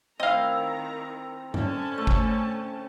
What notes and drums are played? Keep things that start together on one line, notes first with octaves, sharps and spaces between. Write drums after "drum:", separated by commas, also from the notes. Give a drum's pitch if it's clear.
D#3 C4 E4 D#5 F5 A#5
D3 C#4 A5, drum: tom G2
A3
drum: kick